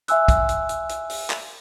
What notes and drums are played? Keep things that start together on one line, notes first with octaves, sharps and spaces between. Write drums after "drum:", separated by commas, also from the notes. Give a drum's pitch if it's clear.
E5 F5 G#5 C6 E6 F#6, drum: hi-hat
drum: kick, hi-hat
drum: hi-hat
drum: hi-hat
drum: hi-hat
drum: open hi-hat
drum: clap